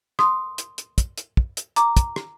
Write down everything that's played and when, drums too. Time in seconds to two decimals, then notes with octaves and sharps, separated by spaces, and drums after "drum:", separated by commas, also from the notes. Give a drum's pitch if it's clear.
0.19 C6 D#6, drum: rim click
0.58 drum: hi-hat
0.78 drum: hi-hat
0.98 drum: kick, hi-hat
1.18 drum: hi-hat
1.37 drum: kick
1.57 drum: hi-hat
1.76 A#5 D6, drum: hi-hat
1.97 drum: kick, hi-hat
2.16 drum: rim click